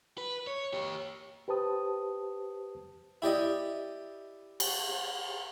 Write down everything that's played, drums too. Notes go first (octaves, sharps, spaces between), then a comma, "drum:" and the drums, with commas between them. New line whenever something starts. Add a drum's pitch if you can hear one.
B4
C#5
G4 C#5
G4 B4 C5 A5 D#6
E4 G4 D5 D#5
drum: cymbal